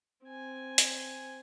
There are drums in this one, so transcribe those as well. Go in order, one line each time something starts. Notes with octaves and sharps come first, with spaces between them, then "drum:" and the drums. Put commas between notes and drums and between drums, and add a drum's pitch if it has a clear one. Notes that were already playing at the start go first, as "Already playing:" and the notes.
C4 G#5
drum: hi-hat